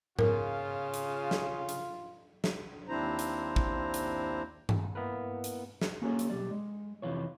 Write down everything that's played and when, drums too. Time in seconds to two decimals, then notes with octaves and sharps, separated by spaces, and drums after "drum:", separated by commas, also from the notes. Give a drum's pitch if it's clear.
0.19 C#3 F4 A#4, drum: tom G#2
0.94 drum: hi-hat
1.31 drum: snare
1.69 drum: hi-hat
2.44 drum: snare
2.87 D#2 C4 D4 E4 C5 A#5
3.19 drum: hi-hat
3.56 drum: kick
3.94 drum: hi-hat
4.69 drum: tom G2
4.95 A#3 B3 E4 A#4 B4
5.44 drum: hi-hat
5.81 drum: snare
6.02 A#3 C#4 F#4 G#4 A4 C#5
6.19 drum: hi-hat
6.30 B1 C#3 G3 D5
6.51 G#3
7.02 F2 C3 D#3 E3 F4 C#5